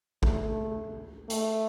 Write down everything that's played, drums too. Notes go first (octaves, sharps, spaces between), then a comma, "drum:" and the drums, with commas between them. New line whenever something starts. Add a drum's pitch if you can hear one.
A3, drum: kick A1
A3, drum: hi-hat